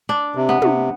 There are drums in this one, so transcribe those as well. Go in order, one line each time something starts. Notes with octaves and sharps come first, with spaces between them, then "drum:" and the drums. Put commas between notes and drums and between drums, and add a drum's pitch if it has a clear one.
D4
C3
B3
C3, drum: tom